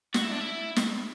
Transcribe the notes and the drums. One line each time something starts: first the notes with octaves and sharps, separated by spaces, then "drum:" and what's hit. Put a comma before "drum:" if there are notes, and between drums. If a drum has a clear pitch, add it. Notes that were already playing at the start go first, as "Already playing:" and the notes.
F#4, drum: snare
E4
D4
E4
drum: snare